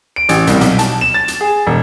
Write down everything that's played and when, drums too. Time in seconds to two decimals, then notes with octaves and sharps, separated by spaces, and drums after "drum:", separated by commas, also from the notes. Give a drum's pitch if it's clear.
0.16 D7
0.29 A1, drum: hi-hat
0.47 C2, drum: hi-hat
0.61 B1, drum: hi-hat
0.79 A5, drum: hi-hat
1.01 E7
1.14 A6
1.28 drum: hi-hat
1.41 G#4
1.67 E1